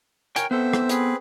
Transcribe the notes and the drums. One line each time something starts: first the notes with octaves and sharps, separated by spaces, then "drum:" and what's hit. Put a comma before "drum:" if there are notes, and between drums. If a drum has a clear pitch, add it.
A#4 C#5 G5 G#5, drum: hi-hat
B3 C4 A4 C5 E5
drum: rim click
C4 G#4 B4, drum: hi-hat